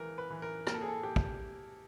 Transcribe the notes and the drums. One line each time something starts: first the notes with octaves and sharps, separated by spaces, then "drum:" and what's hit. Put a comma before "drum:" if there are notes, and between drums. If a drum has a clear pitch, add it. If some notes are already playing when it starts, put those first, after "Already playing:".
Already playing: C#2 E3 A#4
B4
E3
A#4
A#3 A#4, drum: rim click
A4
G#4
A4
G4
drum: kick